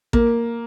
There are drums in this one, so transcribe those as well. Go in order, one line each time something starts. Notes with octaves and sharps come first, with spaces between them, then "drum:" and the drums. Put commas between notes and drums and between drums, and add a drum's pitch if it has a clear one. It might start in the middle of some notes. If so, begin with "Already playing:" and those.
A#3, drum: kick A1